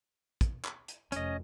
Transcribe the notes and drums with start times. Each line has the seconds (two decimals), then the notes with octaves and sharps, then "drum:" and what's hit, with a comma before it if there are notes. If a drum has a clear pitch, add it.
0.41 drum: kick, hi-hat
0.65 drum: clap
0.88 drum: hi-hat
1.12 F1 C#4 D#5, drum: hi-hat